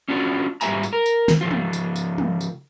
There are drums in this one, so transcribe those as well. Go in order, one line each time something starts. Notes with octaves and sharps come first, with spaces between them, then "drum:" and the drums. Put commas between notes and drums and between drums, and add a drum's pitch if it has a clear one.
C#4 D4 F4 F#4
G#2 G3 F4 E5 G#5 A#5, drum: tambourine
drum: tambourine
A#4
drum: tambourine
drum: snare
C#3 F3 F4
drum: tom
drum: tambourine
drum: tambourine
drum: tom
drum: tambourine